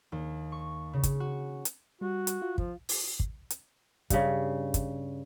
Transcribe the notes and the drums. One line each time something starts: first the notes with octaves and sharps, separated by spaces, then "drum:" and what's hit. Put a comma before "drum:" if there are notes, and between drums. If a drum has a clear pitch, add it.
D#2
C#6
C#3
drum: kick, hi-hat
F#4
drum: hi-hat
G3 F#4
drum: hi-hat
F4
F3, drum: kick
drum: open hi-hat
drum: kick
drum: hi-hat
G2 C#3, drum: kick, hi-hat
drum: kick, hi-hat